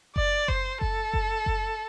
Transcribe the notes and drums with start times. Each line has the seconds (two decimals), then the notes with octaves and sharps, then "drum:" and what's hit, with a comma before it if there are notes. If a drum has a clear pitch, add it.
0.16 D5, drum: kick F#1
0.48 C5, drum: kick F#1
0.81 A4, drum: kick F#1
1.13 drum: kick F#1
1.46 drum: kick F#1